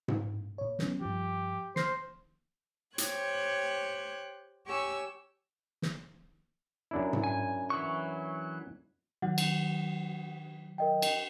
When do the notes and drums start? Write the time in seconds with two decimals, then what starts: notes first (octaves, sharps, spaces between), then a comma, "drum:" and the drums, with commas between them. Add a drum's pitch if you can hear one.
0.08 drum: tom G#2
0.58 A#2 C#5
0.79 F#3 B3 C#4, drum: snare
1.01 G2 F3 G4
1.76 C5 F6 A#6 C7, drum: snare
2.98 G4 C5 C#5 G5 F#6 G#6, drum: hi-hat
4.67 G4 C#5 G#5 C#6 E6
5.82 drum: snare
6.91 F#2 D4 E4
7.13 drum: tom G#2
7.24 G#5
7.70 E3 F#3 C#6
9.22 D#3 F#3 F#5
9.38 drum: cymbal
10.78 A#4 D#5 G5
11.02 drum: cymbal